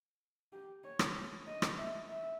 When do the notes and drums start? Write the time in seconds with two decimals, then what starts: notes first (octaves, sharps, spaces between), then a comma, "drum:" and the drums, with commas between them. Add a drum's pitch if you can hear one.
0.53 G4
0.84 C#5
0.99 drum: rim click
1.46 D#5
1.62 drum: rim click
1.78 E5
2.09 E5